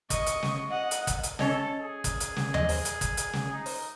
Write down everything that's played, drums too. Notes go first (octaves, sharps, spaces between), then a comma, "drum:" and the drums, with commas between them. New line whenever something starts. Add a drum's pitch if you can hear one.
D#5 C#6, drum: kick, hi-hat
drum: hi-hat
drum: snare
D#5 F#5
drum: hi-hat
drum: kick, hi-hat
drum: hi-hat
C#4 A4 C#5 D#5, drum: snare
G#4
drum: kick, hi-hat
drum: hi-hat
drum: snare
D#5, drum: tom D#2
drum: open hi-hat
drum: hi-hat
drum: kick, hi-hat
drum: hi-hat
drum: snare
D#4
drum: open hi-hat